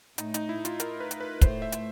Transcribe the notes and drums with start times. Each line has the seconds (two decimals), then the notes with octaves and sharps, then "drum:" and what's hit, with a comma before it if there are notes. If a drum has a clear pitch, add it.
0.18 A2 A3 D#4, drum: hi-hat
0.34 D#4, drum: hi-hat
0.49 E4
0.65 F4, drum: hi-hat
0.80 A#4, drum: hi-hat
1.00 B4
1.11 drum: hi-hat
1.20 B4
1.41 A2 A3 C5, drum: kick, hi-hat
1.62 E5
1.72 drum: hi-hat